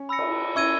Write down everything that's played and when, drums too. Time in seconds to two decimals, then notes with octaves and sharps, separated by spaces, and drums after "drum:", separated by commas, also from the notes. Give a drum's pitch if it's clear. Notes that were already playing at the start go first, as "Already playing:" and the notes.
Already playing: C#4
0.09 B5 E6 A#6 C#7
0.19 drum: cymbal
0.55 C#4 E4 C#6 E6 G#6 D#7